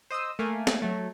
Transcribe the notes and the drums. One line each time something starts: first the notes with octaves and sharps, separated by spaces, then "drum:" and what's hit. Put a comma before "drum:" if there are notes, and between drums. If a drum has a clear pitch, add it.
C5 D#5 D#6 E6
A3 A#3 F5 G#5
drum: snare
F#3 A3